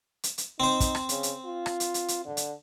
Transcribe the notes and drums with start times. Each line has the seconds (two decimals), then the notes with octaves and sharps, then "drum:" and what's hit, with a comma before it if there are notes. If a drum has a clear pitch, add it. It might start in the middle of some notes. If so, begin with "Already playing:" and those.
0.23 drum: hi-hat
0.38 drum: hi-hat
0.60 C4 D#4 C5
0.80 drum: kick, hi-hat
0.95 drum: rim click
1.09 C#3, drum: hi-hat
1.23 drum: hi-hat
1.45 F4
1.66 drum: rim click
1.80 drum: hi-hat
1.94 drum: hi-hat
2.08 drum: hi-hat
2.26 D3
2.37 drum: hi-hat